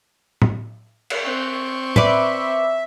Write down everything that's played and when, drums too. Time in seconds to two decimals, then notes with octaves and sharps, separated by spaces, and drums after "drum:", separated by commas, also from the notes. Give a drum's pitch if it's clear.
0.42 drum: tom A2
1.10 drum: cymbal
1.23 C4 C#6
1.96 B4 D5 E5, drum: tom A2